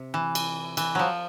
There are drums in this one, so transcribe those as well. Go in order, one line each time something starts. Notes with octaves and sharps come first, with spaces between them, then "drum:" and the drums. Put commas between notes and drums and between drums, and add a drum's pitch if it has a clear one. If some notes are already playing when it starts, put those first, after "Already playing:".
Already playing: C3
E3
drum: cymbal
E3, drum: cymbal
F3 F#3